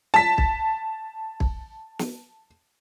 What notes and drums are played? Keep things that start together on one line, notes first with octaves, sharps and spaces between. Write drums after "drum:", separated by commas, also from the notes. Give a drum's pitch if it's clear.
A5 B6
drum: kick
drum: kick
drum: snare